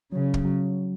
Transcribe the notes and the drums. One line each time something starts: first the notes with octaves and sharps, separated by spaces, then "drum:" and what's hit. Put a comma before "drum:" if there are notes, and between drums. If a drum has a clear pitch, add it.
C#3 F#3
drum: kick
F#3